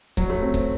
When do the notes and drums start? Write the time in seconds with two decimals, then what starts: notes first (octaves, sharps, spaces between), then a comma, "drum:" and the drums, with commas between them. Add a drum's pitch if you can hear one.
0.17 F#3, drum: kick C#1
0.30 A3
0.42 C4
0.54 drum: kick C#1